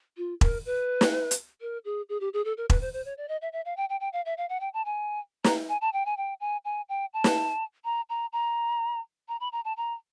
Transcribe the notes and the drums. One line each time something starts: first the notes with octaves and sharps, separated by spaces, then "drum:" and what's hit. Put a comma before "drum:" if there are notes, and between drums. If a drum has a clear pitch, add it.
F4
A#4, drum: kick E1
B4
drum: snare
drum: hi-hat
A#4
G#4
G#4
G4
G#4
A4
A#4
B4, drum: kick E1
C5
C5
C#5
D5
D#5
E5
E5
F5
G5
G5
G5
F5
E5
F5
F#5
G5
A5
G#5
A#5, drum: snare
G#5
A5
G5
G#5
G5
G#5
G#5
G5
A5
drum: snare
A#5
A#5
A#5
A#5
B5
A#5
A5
A#5